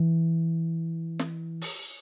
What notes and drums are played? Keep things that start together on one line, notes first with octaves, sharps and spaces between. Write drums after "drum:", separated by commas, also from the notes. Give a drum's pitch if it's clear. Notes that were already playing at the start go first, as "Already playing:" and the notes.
Already playing: E3
drum: snare
drum: open hi-hat